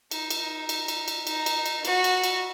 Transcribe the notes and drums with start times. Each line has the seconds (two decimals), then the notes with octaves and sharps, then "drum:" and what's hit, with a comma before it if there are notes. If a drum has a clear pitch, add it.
0.11 D#4, drum: cymbal
0.30 drum: cymbal
0.40 D#4
0.69 drum: cymbal
0.88 drum: cymbal
1.08 drum: cymbal
1.27 D#4, drum: cymbal
1.46 drum: cymbal
1.66 drum: cymbal
1.85 F#4, drum: cymbal
2.04 drum: cymbal
2.23 drum: cymbal